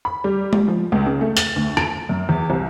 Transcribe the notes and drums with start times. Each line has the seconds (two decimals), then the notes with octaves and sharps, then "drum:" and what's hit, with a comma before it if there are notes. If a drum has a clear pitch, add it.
0.05 B5
0.24 G3
0.53 drum: tom G#3
0.68 F3
0.92 C#2
1.07 C#3
1.21 A3
1.37 A6, drum: hi-hat
1.56 D2
1.77 D7, drum: rim click
2.09 F#2
2.29 E2
2.50 C2